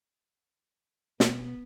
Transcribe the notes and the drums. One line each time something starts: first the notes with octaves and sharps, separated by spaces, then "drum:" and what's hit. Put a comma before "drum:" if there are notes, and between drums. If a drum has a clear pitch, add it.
B2 B3, drum: snare